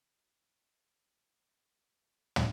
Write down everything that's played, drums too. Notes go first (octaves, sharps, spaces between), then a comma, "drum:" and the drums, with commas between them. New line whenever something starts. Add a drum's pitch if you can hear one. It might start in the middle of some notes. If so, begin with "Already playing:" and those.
F#5 G5
drum: tom